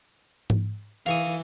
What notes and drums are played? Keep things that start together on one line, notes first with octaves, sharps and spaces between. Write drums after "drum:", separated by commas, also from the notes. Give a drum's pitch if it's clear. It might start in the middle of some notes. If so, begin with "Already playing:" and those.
drum: tom G#2
E3 F5 C#6 D#6, drum: cymbal